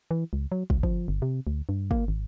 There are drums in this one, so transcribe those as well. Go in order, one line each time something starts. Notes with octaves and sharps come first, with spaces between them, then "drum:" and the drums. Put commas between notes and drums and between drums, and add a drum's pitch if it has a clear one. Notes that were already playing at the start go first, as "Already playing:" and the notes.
E3
C#2
F#3
C#2, drum: kick
F3, drum: kick
G1
C3
D2
G2
A#3, drum: kick
G#1